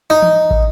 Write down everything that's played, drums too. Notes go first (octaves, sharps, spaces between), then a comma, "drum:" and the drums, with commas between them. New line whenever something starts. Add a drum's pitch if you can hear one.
D#4
drum: tom
drum: kick